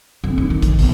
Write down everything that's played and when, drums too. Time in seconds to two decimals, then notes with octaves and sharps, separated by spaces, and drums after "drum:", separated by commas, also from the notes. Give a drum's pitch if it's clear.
0.24 F2
0.38 D#4
0.50 D#3
0.62 drum: kick, hi-hat
0.79 B1, drum: open hi-hat